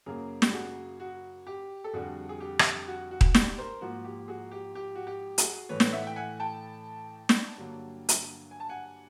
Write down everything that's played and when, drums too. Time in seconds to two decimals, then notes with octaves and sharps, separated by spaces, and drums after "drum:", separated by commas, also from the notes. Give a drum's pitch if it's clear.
0.06 F#2 C#3 F#3 A#3 G#4 A#4
0.42 G4, drum: snare
0.53 F#4 G#4
1.00 F#4
1.47 G4
1.84 A4
1.93 F2 D3 G3 F#4 G#4
2.29 G#4
2.40 G4
2.59 drum: rim click
2.87 F#4
3.11 F#4
3.21 drum: kick D#1
3.35 G4, drum: snare
3.58 A#4 C5
3.81 G#2 F3 A#3 F#4
4.05 G4
4.28 F#4 G#4
4.51 G4
4.75 G4
4.95 F#4
5.07 G4
5.38 F#4 G#4, drum: hi-hat
5.69 A2 E3 A3 B4 C#5
5.80 drum: snare
5.93 E5 F#5
6.07 G5
6.16 F#5 G#5
6.40 G5 A5
7.29 drum: snare
7.57 G2 D3 F#3 A#3
8.09 drum: hi-hat
8.51 G#5
8.60 A5
8.69 F#5 G#5